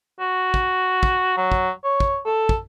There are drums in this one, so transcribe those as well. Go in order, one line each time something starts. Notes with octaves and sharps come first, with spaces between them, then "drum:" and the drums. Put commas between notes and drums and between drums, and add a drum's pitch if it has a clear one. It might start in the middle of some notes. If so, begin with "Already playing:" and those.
F#4
drum: kick
drum: kick
F#3
drum: kick
C#5
drum: kick
A4
drum: kick